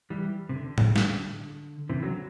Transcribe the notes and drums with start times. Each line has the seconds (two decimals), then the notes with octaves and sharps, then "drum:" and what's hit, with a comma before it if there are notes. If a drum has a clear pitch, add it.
0.10 E3 G3
0.49 C3
0.55 D3
0.78 drum: tom A2
0.96 drum: snare
1.89 C3 E3
2.02 D3 F#3